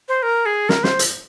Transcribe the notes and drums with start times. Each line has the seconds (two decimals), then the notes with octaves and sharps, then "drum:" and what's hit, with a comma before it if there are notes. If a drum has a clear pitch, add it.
0.08 C5
0.23 A#4
0.46 G#4
0.69 A#4, drum: snare
0.84 C5, drum: snare
0.99 drum: hi-hat